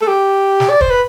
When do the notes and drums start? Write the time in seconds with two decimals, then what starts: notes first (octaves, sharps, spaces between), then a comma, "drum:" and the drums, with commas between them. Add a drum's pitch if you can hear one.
0.01 A4
0.08 G4
0.60 drum: snare
0.69 D5
0.81 C5, drum: kick
0.90 B4